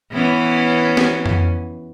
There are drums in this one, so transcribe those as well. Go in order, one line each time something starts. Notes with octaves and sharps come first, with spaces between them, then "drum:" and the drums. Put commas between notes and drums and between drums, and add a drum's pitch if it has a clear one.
E3 B3 C#4
drum: snare
drum: tom F2